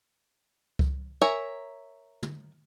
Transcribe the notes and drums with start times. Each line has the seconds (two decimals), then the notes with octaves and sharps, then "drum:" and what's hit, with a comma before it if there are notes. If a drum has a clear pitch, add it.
0.79 drum: kick C#2
1.21 A#4 C#5 E5 G#5 A#5
2.23 drum: tom